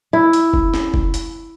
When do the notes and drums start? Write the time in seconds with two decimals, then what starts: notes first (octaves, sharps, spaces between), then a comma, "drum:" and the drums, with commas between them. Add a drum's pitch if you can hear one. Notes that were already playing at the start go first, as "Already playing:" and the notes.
0.13 E4
0.33 drum: hi-hat
0.54 drum: kick
0.74 drum: snare
0.94 drum: kick
1.14 drum: hi-hat